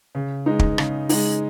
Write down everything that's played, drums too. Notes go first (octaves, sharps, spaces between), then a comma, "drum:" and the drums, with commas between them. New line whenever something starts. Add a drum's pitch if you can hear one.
C#3
G#3 D#4
drum: kick
C#3, drum: rim click
G#3 D#4, drum: open hi-hat